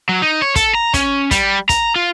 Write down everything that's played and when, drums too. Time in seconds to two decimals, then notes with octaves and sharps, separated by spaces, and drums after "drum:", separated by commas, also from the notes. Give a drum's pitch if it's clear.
0.09 F#3
0.22 D#4
0.42 C#5
0.56 A4, drum: kick, hi-hat
0.75 A#5
0.94 C#4, drum: kick, hi-hat
1.31 G3, drum: kick, hi-hat
1.69 A#5, drum: kick, hi-hat
1.96 F4